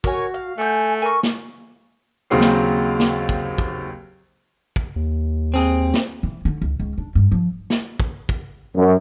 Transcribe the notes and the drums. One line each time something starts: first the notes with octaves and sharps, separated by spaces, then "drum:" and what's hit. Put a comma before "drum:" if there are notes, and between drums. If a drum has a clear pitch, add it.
F#4 A#4 C#5 G#5, drum: kick
F5
A3 F#5 G#5 G6
A#4 G#5 C#6
drum: snare
D#2 C#3 F#3 C4 C5 C7
drum: snare
drum: snare
drum: kick
drum: kick
drum: kick
D#2
C4 G#4
drum: snare
E3
D3
C#2
C#2
D4
G2
F3
drum: snare
drum: kick
drum: kick
F#2